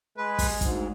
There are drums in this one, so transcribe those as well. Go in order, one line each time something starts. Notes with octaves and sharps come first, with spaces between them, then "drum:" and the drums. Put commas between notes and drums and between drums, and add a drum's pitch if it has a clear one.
G#3 B4
drum: kick, open hi-hat
D2 G#2, drum: kick, hi-hat